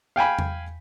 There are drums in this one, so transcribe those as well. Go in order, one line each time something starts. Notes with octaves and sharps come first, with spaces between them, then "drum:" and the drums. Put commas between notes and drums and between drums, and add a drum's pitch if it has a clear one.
F5 G5 G#5 B5
drum: tom E2